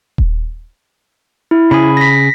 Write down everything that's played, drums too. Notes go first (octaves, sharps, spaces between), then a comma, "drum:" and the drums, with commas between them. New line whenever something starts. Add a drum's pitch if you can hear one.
drum: kick D#1
E4
C#3 G#4 B5
A#6 B6